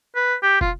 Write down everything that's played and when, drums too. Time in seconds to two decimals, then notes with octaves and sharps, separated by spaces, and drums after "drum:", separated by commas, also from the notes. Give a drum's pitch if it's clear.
0.16 B4
0.43 G4
0.61 F4, drum: kick